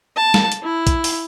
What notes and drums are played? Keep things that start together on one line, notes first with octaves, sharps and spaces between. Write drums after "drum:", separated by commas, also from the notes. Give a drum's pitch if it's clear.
A5
drum: snare
drum: hi-hat
E4
drum: kick A#1, hi-hat
drum: open hi-hat